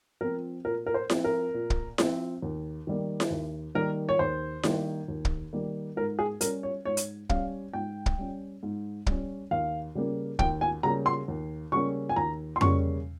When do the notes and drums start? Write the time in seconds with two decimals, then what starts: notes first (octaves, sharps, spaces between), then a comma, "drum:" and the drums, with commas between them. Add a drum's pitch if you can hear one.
0.21 F3 C4 A#4
0.65 A#2 A#4
0.87 A#4
0.94 C5
1.10 F3 C4, drum: snare E4
1.24 A#4
1.54 A#2
1.70 drum: kick
1.98 F3 C4, drum: snare E4
2.42 D#2
2.87 D#3 G3 A#3
3.20 drum: snare E4
3.30 D#2
3.75 D#3 G3 A#3 A#4
4.09 C#5
4.19 D#2 C5
4.63 D#3 G3 A#3, drum: snare E4
5.08 D#2
5.25 drum: kick
5.53 D#3 G3 A#3
5.96 G#2 A#4
6.19 G#4
6.41 G3 C#4 A#4, drum: hi-hat
6.63 C#5
6.85 G#2 C#5
6.97 drum: hi-hat
7.29 G3 C#4 F5, drum: kick
7.73 G#2 G5
8.06 drum: kick
8.19 G3 C#4
8.63 G#2
9.07 G3 C#4, drum: kick
9.51 D#2 F5
9.95 C#3 G3 A#3 C#4
10.39 D#2 G5, drum: kick
10.61 G#5
10.83 C#3 G3 A#3 C#4 A#5
11.06 C6
11.28 D#2
11.72 C#3 G3 A#3 C#4 C#6
12.09 G#5
12.16 D#2 A#5
12.56 C6
12.61 C#3 G3 A#3 C#4 C#6, drum: tom F2